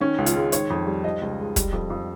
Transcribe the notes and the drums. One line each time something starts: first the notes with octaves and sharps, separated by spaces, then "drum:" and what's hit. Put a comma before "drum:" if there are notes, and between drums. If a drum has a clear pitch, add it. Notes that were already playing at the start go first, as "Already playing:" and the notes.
D#3 C#4
C#2
F4, drum: hi-hat
G#3
D#3 C#5, drum: hi-hat
F2
G3
F3 D#5
C#2
G#3
G3, drum: kick, hi-hat
F2
F2